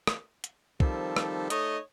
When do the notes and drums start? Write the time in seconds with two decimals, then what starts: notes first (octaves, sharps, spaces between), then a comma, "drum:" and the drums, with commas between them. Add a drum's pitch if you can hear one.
0.07 drum: rim click
0.44 drum: hi-hat
0.80 D#3 F3 G3 C4 A4, drum: kick
1.17 drum: rim click
1.50 A3 D#4 C#5 D#5, drum: hi-hat